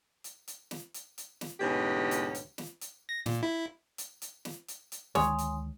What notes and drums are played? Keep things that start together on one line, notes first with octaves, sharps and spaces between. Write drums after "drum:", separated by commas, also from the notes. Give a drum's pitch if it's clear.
drum: hi-hat
drum: hi-hat
drum: snare
drum: hi-hat
drum: hi-hat
drum: snare
D2 G#2 B2 E3 C#4 G4
drum: hi-hat
drum: hi-hat
drum: snare
drum: hi-hat
A#6
A#2, drum: snare
E4
drum: hi-hat
drum: hi-hat
drum: snare
drum: hi-hat
drum: hi-hat
D2 D#3 G#3 C#5 G#5 C6 D#6, drum: snare
drum: hi-hat